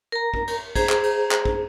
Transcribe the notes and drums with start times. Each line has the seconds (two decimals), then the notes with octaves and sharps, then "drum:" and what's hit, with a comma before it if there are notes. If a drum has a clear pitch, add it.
0.12 A#4 A#5
0.34 drum: kick
0.48 drum: cymbal
0.76 G#4 C5 A#5, drum: kick, cymbal
0.89 drum: clap
1.03 drum: cymbal
1.31 drum: clap
1.45 drum: kick